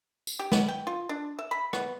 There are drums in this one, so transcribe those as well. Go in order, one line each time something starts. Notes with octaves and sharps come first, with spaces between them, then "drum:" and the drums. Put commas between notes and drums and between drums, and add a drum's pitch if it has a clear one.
drum: tambourine
G4
B3, drum: snare
G5
F4
D4
E5
B5
B3, drum: rim click